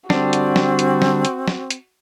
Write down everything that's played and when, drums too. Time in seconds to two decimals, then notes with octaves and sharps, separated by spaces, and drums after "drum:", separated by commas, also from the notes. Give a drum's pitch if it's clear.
0.10 D3 G3 C4 D4 F#4, drum: snare
0.33 drum: hi-hat
0.56 drum: snare
0.79 drum: hi-hat
1.02 drum: snare
1.25 drum: hi-hat
1.48 drum: snare
1.70 drum: hi-hat